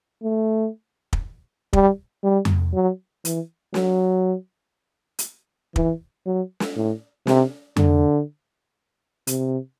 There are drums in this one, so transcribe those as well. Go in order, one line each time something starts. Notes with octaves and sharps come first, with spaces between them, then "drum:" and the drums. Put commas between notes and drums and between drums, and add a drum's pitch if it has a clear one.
A3
drum: kick
G3, drum: kick
G3
drum: tom F2
F#3
E3, drum: hi-hat
F#3, drum: snare
drum: hi-hat
E3, drum: kick
F#3
drum: snare
A2
C3, drum: snare
D3, drum: tom F2
C3, drum: hi-hat